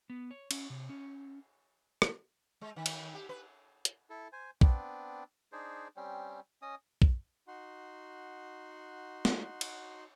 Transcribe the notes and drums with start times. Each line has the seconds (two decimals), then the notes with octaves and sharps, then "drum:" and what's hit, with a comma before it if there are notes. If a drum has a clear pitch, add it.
0.10 B3
0.31 C#5
0.51 C#4, drum: cymbal
0.70 C3
0.89 C#4
2.02 drum: rim click
2.61 G#3
2.76 D#3
2.86 drum: cymbal
3.14 G4
3.29 B4
3.85 drum: hi-hat
4.10 E4 A4
4.33 C5 G#5
4.61 B3 C4 D4, drum: kick A#1
5.52 D4 D#4 G#4 C5
5.97 G3 C4 C#4
6.62 C#4 D#5 D#6
7.02 drum: kick A#1
7.48 D#4 F#4 F#5 C6
9.25 drum: snare
9.61 drum: cymbal